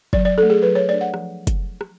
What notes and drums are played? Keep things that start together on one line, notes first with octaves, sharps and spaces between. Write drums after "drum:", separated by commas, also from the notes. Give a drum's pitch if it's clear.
F#3 D5, drum: kick
D5
D4 A4
A3
G#4
F#3 B4
C#5
A3 D4 D5
F#5
F3, drum: rim click
drum: kick, hi-hat
drum: rim click